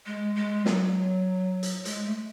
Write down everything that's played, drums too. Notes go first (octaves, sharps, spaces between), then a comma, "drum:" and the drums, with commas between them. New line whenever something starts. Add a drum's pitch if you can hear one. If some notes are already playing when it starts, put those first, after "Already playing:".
G#3
G#3
F#3, drum: snare
drum: hi-hat
G#3, drum: hi-hat
A3